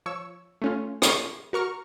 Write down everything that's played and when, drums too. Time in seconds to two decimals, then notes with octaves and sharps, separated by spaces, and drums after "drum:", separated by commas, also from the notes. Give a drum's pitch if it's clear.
0.06 F3 C#5 C#6 E6
0.62 A3 C#4 F4
1.02 C6 C#6 C7, drum: rim click
1.53 F#4 A#4 C#6 F6